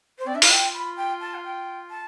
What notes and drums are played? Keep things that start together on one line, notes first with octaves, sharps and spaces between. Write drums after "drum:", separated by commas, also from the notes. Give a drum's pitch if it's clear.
C5
C4 D5
D4 E5
E4 F5, drum: open hi-hat
F4 G5
B5
G5
A5
F5
G5
A5